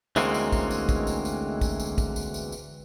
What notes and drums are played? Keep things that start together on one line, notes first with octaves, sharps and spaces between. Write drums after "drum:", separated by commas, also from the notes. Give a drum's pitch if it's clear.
D2 E3 G#3 A#3 C4 C#4, drum: tambourine
drum: tambourine
drum: kick, tambourine
drum: tambourine
drum: kick, tambourine
drum: tambourine
drum: tambourine
drum: kick, tambourine
drum: tambourine
drum: kick, tambourine
drum: tambourine
drum: tambourine
drum: tambourine